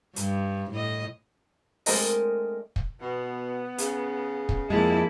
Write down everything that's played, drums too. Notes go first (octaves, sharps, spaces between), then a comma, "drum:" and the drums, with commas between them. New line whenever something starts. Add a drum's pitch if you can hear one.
G2, drum: hi-hat
A2 D#5
G#3 A3 C4 D4 A#4 D#5, drum: open hi-hat
drum: kick
B2 B3
C#3, drum: hi-hat
drum: kick
F2 G#3 A#3 C4 E4 A5